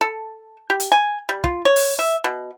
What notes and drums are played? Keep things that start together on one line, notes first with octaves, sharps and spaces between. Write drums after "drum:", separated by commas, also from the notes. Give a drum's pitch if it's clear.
A4
G4
drum: hi-hat
G#5
G3
F4, drum: kick
C#5
drum: open hi-hat
E5
B2